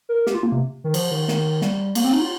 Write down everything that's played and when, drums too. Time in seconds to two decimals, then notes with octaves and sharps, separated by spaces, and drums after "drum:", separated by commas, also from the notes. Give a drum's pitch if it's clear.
0.09 A#4
0.27 G4, drum: snare
0.34 F4
0.43 A#3
0.52 C3
0.84 D#3
0.94 F3, drum: cymbal
1.11 D#3
1.28 D#3, drum: snare
1.62 G3, drum: snare
1.95 A#3, drum: cymbal
2.04 C4
2.13 D#4
2.21 F4